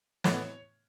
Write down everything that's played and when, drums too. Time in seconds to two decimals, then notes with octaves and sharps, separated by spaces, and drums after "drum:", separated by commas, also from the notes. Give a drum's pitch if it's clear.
0.24 A2 E3 B3 C#5, drum: snare